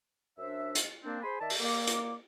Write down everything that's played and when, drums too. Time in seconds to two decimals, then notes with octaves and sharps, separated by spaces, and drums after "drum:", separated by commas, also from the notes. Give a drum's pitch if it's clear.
0.38 F#2 D4 C5 E5
0.75 drum: hi-hat
1.04 A#3 C4 D4
1.22 G#4 C5 G#5 B5 C6
1.39 D#3 D5 E5 A5
1.50 drum: open hi-hat
1.60 A#3 D5 D6
1.87 drum: hi-hat